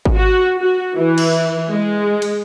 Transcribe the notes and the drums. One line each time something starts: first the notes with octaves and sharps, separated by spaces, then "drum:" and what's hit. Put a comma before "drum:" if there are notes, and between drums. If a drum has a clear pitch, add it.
drum: kick G#1
F#4
F#4
E3
drum: cymbal
G#3
drum: cymbal